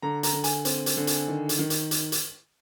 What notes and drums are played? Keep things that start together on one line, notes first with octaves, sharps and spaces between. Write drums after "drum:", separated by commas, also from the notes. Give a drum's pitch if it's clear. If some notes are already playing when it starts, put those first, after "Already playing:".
D3 A#5
A#5, drum: hi-hat
D3
G#5, drum: hi-hat
C4, drum: hi-hat
drum: hi-hat
D3
drum: hi-hat
D#3
drum: hi-hat
D#3
drum: hi-hat
drum: hi-hat
drum: hi-hat